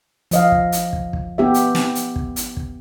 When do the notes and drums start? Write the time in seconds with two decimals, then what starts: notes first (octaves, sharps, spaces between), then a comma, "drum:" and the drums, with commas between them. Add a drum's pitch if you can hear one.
0.31 F3 D#5 F5, drum: hi-hat
0.52 drum: kick
0.72 drum: hi-hat
0.93 drum: kick
1.13 drum: kick
1.38 B3 G4 E5
1.54 drum: hi-hat
1.75 drum: snare
1.95 drum: hi-hat
2.16 drum: kick
2.36 drum: hi-hat
2.57 drum: kick